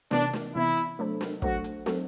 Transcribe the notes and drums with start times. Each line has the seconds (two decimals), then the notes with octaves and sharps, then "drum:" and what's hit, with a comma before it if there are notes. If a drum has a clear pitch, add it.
0.11 C3 E3 B3 D4, drum: snare
0.33 drum: snare
0.55 C3 E3 B3 E4
0.77 drum: hi-hat
0.99 F#3 A3 D4 A4 C5
1.21 drum: snare
1.42 F#3 A3 D4 F#4 A4 C5, drum: kick
1.64 drum: hi-hat
1.86 F#3 C4 F#4 A4 C5, drum: snare